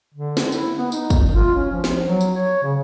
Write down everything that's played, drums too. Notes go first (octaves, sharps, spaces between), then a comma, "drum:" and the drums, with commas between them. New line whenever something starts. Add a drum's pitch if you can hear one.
D3
drum: snare
E4, drum: tambourine
B3
D#4, drum: tambourine
drum: kick, tambourine
F4
C#4
F3
drum: snare
F#3
drum: tambourine
C#5
C#3